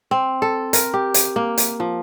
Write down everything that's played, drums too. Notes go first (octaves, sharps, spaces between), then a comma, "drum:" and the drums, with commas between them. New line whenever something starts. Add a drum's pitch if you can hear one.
C4
A4
A#4, drum: hi-hat
G4
drum: hi-hat
A#3
drum: hi-hat
F3